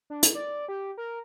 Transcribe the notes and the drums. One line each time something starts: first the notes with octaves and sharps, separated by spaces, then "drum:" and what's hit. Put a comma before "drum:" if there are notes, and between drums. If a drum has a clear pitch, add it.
D4
drum: hi-hat
D5
G4
A#4